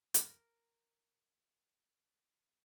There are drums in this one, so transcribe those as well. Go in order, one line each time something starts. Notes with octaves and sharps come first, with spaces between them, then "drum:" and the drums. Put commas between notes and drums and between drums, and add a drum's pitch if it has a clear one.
A#4 A#5, drum: hi-hat